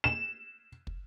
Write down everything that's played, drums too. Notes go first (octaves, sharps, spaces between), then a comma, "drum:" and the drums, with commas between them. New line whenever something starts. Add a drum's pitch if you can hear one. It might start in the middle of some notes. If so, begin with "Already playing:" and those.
E7
drum: kick